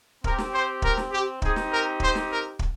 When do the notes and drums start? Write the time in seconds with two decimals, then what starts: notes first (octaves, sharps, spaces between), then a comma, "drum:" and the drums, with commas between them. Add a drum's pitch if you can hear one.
0.24 C4 G4 A#4, drum: kick
0.38 drum: snare
0.53 C5
0.82 A#4, drum: kick
0.97 drum: snare
1.11 G4
1.42 C4 D#4 G4 G#4, drum: kick
1.56 drum: snare
1.71 A#4
2.00 C5, drum: kick
2.15 drum: snare
2.29 A#4
2.59 drum: kick